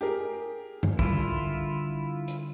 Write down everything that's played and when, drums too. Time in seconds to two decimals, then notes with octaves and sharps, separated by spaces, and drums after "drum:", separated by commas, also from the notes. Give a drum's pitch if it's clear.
0.01 G4 G#4 A#4
0.83 drum: tom G2
0.99 D3 G3 E4 F4, drum: kick
2.28 drum: hi-hat